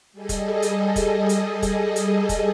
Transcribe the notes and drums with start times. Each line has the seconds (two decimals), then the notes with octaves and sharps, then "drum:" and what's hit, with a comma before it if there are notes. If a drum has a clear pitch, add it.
0.12 G3 G#4 A4 D#5
0.29 drum: kick, hi-hat
0.62 drum: hi-hat
0.96 drum: kick, hi-hat
1.29 drum: hi-hat
1.62 drum: kick, hi-hat
1.96 drum: hi-hat
2.29 drum: kick, hi-hat